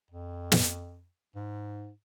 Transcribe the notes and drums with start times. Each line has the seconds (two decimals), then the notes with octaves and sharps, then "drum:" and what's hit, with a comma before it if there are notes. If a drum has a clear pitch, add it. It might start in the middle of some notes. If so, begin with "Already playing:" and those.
0.11 F2
0.52 drum: snare
1.36 G#2